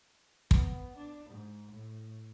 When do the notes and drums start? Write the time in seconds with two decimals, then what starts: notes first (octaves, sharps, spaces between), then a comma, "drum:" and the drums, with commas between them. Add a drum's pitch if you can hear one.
0.51 B3, drum: kick
0.97 D4
1.30 G#2
1.72 A2